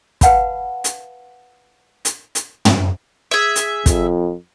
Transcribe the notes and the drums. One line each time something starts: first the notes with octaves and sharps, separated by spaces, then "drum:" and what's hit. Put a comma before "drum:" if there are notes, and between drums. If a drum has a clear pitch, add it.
B4 F5 F#5 A5 B5, drum: kick, hi-hat
drum: hi-hat
drum: hi-hat
drum: hi-hat
drum: tom
G#4 E5
drum: hi-hat
F2, drum: kick, hi-hat